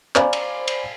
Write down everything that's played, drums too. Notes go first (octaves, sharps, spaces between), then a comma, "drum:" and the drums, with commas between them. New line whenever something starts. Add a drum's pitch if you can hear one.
C5 D5 F5 G#5 A#5 B5, drum: clap
drum: cymbal
drum: cymbal